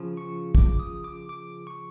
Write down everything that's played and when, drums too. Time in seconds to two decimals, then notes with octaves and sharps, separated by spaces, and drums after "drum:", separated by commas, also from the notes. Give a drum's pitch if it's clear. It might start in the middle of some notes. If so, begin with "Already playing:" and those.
Already playing: C#3 F3
0.17 C#6
0.55 D6, drum: kick
0.79 D#6
1.04 D6
1.29 D6
1.67 C#6